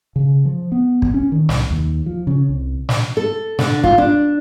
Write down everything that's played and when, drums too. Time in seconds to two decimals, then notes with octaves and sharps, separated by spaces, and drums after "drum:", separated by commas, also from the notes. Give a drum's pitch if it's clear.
0.16 C#3
0.45 F3
0.72 B3
1.02 drum: kick
1.14 C#4
1.32 D#3
1.49 C2, drum: snare
1.70 D#2
2.06 F3
2.27 C#3
2.49 C2
2.89 drum: snare
3.17 A4
3.59 D3, drum: snare
3.84 F4, drum: kick
3.98 D4